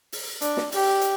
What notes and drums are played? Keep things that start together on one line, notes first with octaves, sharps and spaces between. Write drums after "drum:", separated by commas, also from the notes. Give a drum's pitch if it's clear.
drum: open hi-hat
D4, drum: hi-hat
drum: snare
G4, drum: open hi-hat
drum: hi-hat